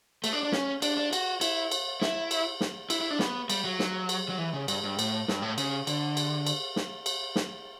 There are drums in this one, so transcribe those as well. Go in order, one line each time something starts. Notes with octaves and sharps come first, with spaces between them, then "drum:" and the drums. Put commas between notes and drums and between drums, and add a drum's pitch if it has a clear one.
A3, drum: cymbal
D4
D4
C#4, drum: snare
D4, drum: cymbal
D4
F#4, drum: cymbal
E4, drum: cymbal
drum: cymbal
E4, drum: snare
drum: cymbal
drum: snare
E4, drum: cymbal
E4
D4
B3, drum: snare
G3, drum: cymbal
F#3
drum: snare
drum: cymbal
F#3
E3
C#3
G2, drum: cymbal
G2
A2, drum: cymbal
G2, drum: snare
A2
C#3, drum: cymbal
D3, drum: cymbal
drum: cymbal
drum: cymbal
drum: snare
drum: cymbal
drum: snare